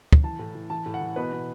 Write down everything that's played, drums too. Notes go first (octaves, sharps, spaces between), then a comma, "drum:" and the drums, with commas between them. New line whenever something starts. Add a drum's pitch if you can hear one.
drum: kick
E3 A5
A2
E3
E3 A5
A2
F#5
E3
B2 B4
B2